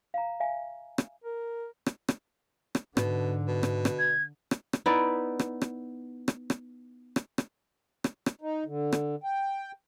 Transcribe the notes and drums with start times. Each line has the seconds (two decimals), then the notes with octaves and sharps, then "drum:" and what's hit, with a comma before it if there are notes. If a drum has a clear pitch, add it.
0.14 F5 A#5
0.40 E5 F5 G#5
0.98 drum: rim click
1.24 A#4
1.86 drum: rim click
2.09 drum: rim click
2.75 drum: rim click
2.97 G#2 B2 D3, drum: rim click
3.47 B2
3.63 drum: rim click
3.85 drum: rim click
3.99 G#6
4.51 drum: rim click
4.73 drum: rim click
4.86 B3 D#4 E4 D5
5.39 drum: rim click
5.62 drum: rim click
6.28 drum: rim click
6.50 drum: rim click
7.16 drum: rim click
7.38 drum: rim click
8.04 drum: rim click
8.26 drum: rim click
8.41 D#4
8.66 D3
8.93 drum: rim click
9.24 G5